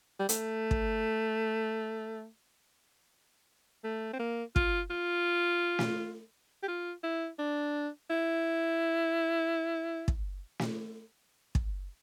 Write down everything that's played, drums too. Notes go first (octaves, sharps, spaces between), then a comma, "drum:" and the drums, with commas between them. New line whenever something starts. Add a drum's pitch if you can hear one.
G3
A3, drum: hi-hat
drum: kick
A3
C4
A#3
F4, drum: kick
F4
drum: snare
G4
F4
E4
D4
E4
drum: kick
drum: snare
drum: kick